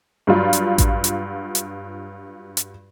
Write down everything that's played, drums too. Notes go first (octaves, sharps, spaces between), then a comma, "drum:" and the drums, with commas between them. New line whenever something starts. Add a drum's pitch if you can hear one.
G2 F#3 F4
drum: hi-hat
drum: kick A1, hi-hat
drum: hi-hat
drum: hi-hat
drum: hi-hat